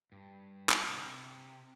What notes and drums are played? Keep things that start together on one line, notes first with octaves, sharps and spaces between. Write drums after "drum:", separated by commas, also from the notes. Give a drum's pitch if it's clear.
G2
drum: clap
C3
D3
C3